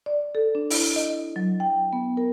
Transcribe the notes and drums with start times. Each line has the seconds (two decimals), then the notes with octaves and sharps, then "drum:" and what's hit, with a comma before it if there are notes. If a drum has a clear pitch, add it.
0.06 D5
0.35 A4
0.55 D4
0.70 E4, drum: open hi-hat
0.96 D#5
1.36 F#3
1.60 G5
1.93 B3
2.17 A#4